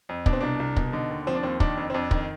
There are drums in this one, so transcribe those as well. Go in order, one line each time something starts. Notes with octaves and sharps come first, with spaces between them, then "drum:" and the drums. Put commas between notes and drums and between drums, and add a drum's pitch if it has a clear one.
F2
B2 D4, drum: kick
C4
C2 D4
C2
B2, drum: kick
D3 D#4
D#2
F3 C4
D4
D#2 C4
D#3 D4, drum: kick
F2
C4
F2 D4
D#3, drum: kick